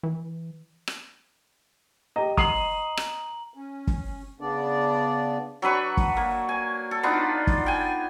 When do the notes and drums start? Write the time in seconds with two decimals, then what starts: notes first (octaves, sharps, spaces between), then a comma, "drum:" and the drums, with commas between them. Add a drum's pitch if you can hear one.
0.03 E3
0.87 drum: rim click
2.16 G4 D#5 A#5
2.37 D#5 A#5 C6 D#6 C7 F#7, drum: kick
2.97 drum: rim click
3.54 C#4
3.87 drum: kick
4.40 C#3 B3 D4 D5
5.62 F#3 D4 B4 C#6
5.97 drum: kick
6.17 A#3
6.49 G#5
6.91 A4
7.03 B3 D4 D#4 F4
7.47 drum: kick
7.66 G5 G#5